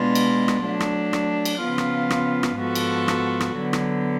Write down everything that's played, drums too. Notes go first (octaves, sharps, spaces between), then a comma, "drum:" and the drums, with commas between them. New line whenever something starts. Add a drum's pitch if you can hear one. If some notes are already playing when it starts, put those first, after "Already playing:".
Already playing: B2 G#3 B3 D4 F4
drum: cymbal
drum: rim click
F#3 A3 D4
drum: rim click
drum: rim click
drum: cymbal
C#3 F3 B3 F4
drum: rim click
drum: rim click
drum: rim click
G#2 F3 B3 F#4 A4
drum: cymbal
drum: rim click
drum: rim click
D3 F#3 B3
drum: rim click